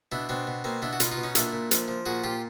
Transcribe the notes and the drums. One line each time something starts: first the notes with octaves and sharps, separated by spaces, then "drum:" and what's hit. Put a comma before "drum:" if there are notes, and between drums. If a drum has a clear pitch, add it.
B2 D4 E4
B2 C4 D4
B2
B2 A#3 C4
B2 D4 E4
F#4
B2 D#4 F4, drum: hi-hat
D#4 F4
B2
C#4 D#4
A#2 D4 E4, drum: hi-hat
A#2
F3, drum: hi-hat
F3
A#2 F#4 G#4
A#2 F4 G4